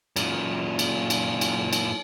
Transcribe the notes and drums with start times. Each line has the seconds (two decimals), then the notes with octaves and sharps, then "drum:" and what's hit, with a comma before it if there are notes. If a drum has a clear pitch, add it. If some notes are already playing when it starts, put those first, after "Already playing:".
0.16 F#2 A#2, drum: cymbal
0.79 drum: cymbal
1.10 drum: cymbal
1.41 drum: cymbal
1.73 drum: cymbal